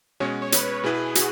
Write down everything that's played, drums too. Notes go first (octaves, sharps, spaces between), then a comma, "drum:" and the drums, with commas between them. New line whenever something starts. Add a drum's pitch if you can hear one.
B2 G#3 C#4 F#4 C#5
C#5
B4, drum: hi-hat
B2 B3 E4 G#4 B4
G#4
G#4
F#4, drum: hi-hat